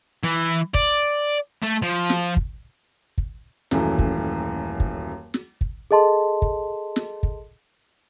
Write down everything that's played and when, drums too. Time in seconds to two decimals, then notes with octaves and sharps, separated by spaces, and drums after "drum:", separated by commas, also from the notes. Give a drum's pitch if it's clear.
0.24 E3
0.74 D5, drum: kick
1.63 A3
1.82 F3
2.10 drum: snare
2.37 drum: kick
3.18 drum: kick
3.71 D#1 F#2 E3 A3, drum: snare
3.99 drum: kick
4.80 drum: kick
5.34 drum: snare
5.61 drum: kick
5.91 G#4 A4 D#5 A5 C6
6.42 drum: kick
6.96 drum: snare
7.23 drum: kick